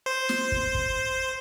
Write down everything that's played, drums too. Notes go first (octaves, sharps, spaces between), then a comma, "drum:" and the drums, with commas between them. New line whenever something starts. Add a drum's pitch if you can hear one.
C5
drum: snare
drum: kick
drum: kick